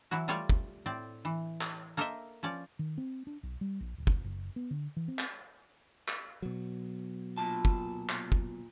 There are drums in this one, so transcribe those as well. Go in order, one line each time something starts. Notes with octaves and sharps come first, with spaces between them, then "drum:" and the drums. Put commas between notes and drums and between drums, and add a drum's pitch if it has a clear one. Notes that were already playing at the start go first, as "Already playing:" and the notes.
E3 F#3 E4 F#4
G3 A3 F4 C#5 D5
drum: kick
A2 C4 D5
E3
drum: clap
A#3 A4 A#4 C5 D#5 E5
F3 C#4 D5
D#3
C4
D4
B1
G3
A#1
D1
drum: kick
F#1
B3
D3
E3
C4
drum: clap
drum: clap
B2 F#3
A#2 F4 A5
drum: kick
drum: clap
drum: kick